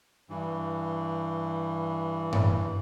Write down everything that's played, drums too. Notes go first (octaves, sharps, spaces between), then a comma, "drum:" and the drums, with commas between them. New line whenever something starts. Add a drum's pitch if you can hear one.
G2 E3
drum: tom G2